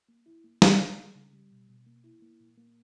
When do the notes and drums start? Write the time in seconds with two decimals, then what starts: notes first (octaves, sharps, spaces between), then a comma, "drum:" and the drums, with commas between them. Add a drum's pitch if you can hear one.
0.09 A#3
0.26 E4
0.44 A#3
0.62 A#3, drum: snare
0.80 G3
0.97 G3
1.15 C#3
1.33 G3
1.51 B2
1.69 B2
1.86 A#3
2.04 E4
2.22 A#3
2.40 A#2
2.57 A#3